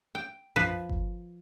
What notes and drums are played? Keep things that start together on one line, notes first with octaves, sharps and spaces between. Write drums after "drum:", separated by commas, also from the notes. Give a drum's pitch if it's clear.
G5
F3 B4, drum: tom F#2
drum: kick G1